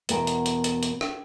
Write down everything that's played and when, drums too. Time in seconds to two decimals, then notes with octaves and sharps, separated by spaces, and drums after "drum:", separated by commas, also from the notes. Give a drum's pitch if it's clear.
0.09 E2 B2 B3 E4 A#4 G5, drum: hi-hat
0.27 drum: hi-hat
0.46 drum: hi-hat
0.64 drum: hi-hat
0.83 drum: hi-hat
1.01 drum: rim click